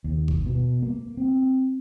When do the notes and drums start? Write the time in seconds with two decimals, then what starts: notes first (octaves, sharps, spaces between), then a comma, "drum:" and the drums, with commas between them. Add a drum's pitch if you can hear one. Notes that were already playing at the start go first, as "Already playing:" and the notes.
0.04 D#2
0.28 drum: kick G1
0.46 B2
0.82 A#3
1.17 C4